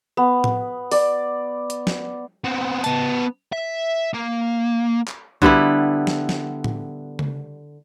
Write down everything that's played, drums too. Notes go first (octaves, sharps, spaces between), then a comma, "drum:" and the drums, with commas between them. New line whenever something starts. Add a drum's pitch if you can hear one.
B3
drum: tom A2
D5, drum: open hi-hat
drum: hi-hat
drum: snare
B3 C4
B3 A5, drum: hi-hat
E5
A#3
drum: clap
D3 G3 B3 E4, drum: kick B1
drum: snare
drum: snare
drum: tom A2
drum: tom C#3